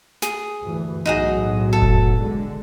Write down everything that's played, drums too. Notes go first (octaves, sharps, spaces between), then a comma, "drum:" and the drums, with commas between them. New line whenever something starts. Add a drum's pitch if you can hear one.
G#4, drum: snare
D2 G2 E3
B1 A2 F#3 D#4 F#4 G#4
A4
drum: kick F1
D3 G#3